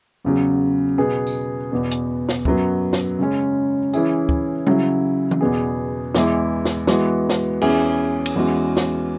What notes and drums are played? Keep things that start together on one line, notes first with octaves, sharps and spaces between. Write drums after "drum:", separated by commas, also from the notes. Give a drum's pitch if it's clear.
E2 C#3 F#3
B2 B3 G#4
drum: tambourine
E2 B2 B3
drum: hi-hat
drum: snare
F#2 F#3 B3, drum: kick
drum: snare
C#3 G#3 C#4
E3 C#4 E4 G#4, drum: tambourine
drum: kick
C#3 F#3 E4, drum: tom G3
drum: tom E3
E2 B2 B3 G#4
E2 E3 G#3 E4, drum: snare
drum: snare
E3 G#3 B3 F#4, drum: snare
drum: snare
E2 E3 C#4 E4 G#4, drum: cymbal
drum: cymbal
E2 E3 G#3 C#4 F#4
drum: snare